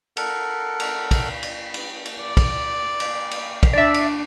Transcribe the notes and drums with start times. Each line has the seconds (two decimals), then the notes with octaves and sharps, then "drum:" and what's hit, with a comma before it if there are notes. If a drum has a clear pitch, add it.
0.17 A4 A#4 F#5, drum: cymbal
0.80 drum: cymbal
1.11 drum: kick, cymbal
1.43 drum: cymbal
1.74 drum: cymbal
2.05 drum: cymbal
2.21 D5
2.37 drum: kick, cymbal
3.00 drum: cymbal
3.31 drum: cymbal
3.63 drum: kick, cymbal
3.73 D4 D5 E5
3.94 drum: cymbal